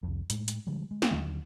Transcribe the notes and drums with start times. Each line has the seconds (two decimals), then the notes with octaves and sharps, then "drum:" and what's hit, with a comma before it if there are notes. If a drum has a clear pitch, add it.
0.03 C2 F2
0.30 A2 G#3, drum: hi-hat
0.48 drum: hi-hat
0.67 D3 F3 G3 G#3
0.91 G#3
1.02 drum: snare
1.11 D#2 D3 D#3 F#3